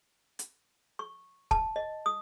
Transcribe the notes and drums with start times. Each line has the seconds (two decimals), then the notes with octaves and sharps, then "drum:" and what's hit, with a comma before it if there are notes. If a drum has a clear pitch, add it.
0.39 drum: hi-hat
0.99 C#6
1.51 A5, drum: kick
1.76 D#5
2.06 D#6